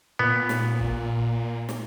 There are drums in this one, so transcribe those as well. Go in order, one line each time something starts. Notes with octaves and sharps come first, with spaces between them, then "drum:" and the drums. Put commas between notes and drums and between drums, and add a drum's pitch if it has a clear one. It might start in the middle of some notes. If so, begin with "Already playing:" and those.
A#2 B3
drum: snare
drum: kick
drum: snare